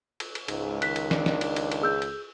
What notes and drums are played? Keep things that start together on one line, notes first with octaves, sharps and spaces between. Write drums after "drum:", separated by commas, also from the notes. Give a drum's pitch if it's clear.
drum: cymbal
drum: cymbal
C#2 G#2, drum: cymbal
D#3 F#6 B6, drum: cymbal
drum: cymbal
D4, drum: snare
drum: snare
drum: cymbal
drum: cymbal
drum: cymbal
G#4 E6 G6
drum: cymbal